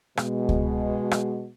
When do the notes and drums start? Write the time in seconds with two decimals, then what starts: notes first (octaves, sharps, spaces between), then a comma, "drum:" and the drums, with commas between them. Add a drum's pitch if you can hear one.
0.17 B2 G#3, drum: rim click
0.49 drum: kick C#2
1.11 drum: rim click